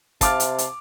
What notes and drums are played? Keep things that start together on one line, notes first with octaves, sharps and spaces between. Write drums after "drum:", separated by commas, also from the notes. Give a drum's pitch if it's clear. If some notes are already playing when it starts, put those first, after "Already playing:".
C3 F5 A5 D6 F6, drum: kick, hi-hat
drum: hi-hat
drum: hi-hat